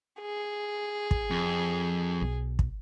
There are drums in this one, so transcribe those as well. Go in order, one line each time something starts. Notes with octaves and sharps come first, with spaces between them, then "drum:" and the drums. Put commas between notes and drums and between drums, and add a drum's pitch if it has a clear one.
G#4
drum: kick
F2
B1
drum: kick